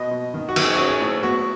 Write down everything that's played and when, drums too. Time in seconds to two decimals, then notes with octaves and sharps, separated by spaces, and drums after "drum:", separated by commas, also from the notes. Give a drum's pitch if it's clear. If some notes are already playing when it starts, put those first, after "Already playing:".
Already playing: B2 D#5
0.11 B2
0.34 D#3
0.49 F#4
0.56 D#3, drum: cymbal
0.64 G#4
0.75 C#4 F#4
0.88 G#4
1.00 A2
1.23 B3 F#4